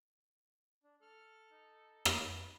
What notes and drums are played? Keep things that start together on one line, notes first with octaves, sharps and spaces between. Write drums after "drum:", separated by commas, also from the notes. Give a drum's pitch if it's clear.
D4
A4 F6
D#4
B4, drum: rim click